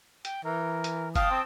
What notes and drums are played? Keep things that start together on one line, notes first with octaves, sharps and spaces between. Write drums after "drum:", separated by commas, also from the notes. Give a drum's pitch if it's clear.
G5, drum: hi-hat
E3 A#4
drum: hi-hat
F5 G5 A5 D#6, drum: kick F#1, hi-hat
C4